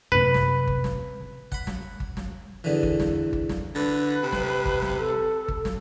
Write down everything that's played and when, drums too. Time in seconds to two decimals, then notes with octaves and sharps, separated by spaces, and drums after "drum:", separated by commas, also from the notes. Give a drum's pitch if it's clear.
0.12 F#2 A2 C3 B4
0.34 drum: snare
0.67 drum: kick G1
0.84 drum: snare
1.52 F#5 B5, drum: kick G1
1.67 drum: snare
2.00 drum: kick G1
2.17 drum: snare
2.64 E2 D3 E3
2.83 drum: kick G1
3.00 drum: snare
3.33 drum: kick G1
3.49 drum: snare
3.75 D3 B4
4.23 C3
4.32 drum: snare
4.65 drum: kick G1
4.82 drum: snare
4.99 A4
5.48 drum: kick G1
5.65 drum: snare